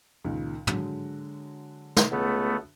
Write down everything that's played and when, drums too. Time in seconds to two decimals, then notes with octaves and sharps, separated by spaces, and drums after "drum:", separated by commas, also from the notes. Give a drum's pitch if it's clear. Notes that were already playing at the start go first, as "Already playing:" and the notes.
0.24 C#2 A#2 D#3
0.67 D3 F#3 G#3, drum: tom
1.97 drum: snare
2.11 C#2 A3 B3